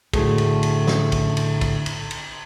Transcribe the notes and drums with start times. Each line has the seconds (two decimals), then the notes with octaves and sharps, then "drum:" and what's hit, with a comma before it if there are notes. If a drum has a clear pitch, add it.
0.13 A2 D3 F#3 A3 F#4 G#4, drum: kick, cymbal
0.38 drum: cymbal
0.63 drum: cymbal
0.87 drum: snare
1.12 drum: kick, cymbal
1.37 drum: cymbal
1.61 drum: kick, cymbal
1.86 drum: cymbal
2.11 drum: cymbal